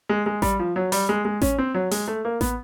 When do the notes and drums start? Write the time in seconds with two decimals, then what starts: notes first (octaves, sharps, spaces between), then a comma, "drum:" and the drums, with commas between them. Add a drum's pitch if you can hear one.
0.09 G#3
0.26 G#3
0.42 G3, drum: snare A1
0.59 F3
0.76 F#3
0.92 G3, drum: open hi-hat
1.09 G#3
1.25 G#3
1.42 C#4, drum: snare A1
1.58 C4
1.74 F#3
1.91 G#3, drum: open hi-hat
2.08 A3
2.25 A#3
2.41 B3, drum: snare A1